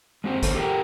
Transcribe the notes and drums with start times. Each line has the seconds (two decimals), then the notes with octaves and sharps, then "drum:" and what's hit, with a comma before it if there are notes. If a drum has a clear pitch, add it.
0.24 G#3 C4 F#4 C5
0.43 D#3 F#3 A4 C5, drum: kick, hi-hat
0.55 G4 A4 A#4 F5 G5